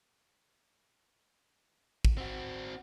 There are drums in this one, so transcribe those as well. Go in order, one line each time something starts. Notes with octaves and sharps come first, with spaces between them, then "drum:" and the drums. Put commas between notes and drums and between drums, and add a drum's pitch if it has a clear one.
drum: kick
C4 F#4